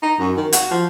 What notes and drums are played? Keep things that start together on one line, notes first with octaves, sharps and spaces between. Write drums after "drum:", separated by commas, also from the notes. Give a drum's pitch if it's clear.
D#4
F#2
D#3
F#4, drum: hi-hat
F3